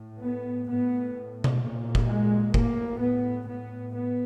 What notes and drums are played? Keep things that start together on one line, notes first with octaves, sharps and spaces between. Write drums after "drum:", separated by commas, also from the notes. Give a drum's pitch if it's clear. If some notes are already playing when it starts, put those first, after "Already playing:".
Already playing: A2
B3
A2 B3
drum: tom B2
A#2
drum: kick F1
G#3
A2 A#3, drum: kick F1
B3
A2 B3
B3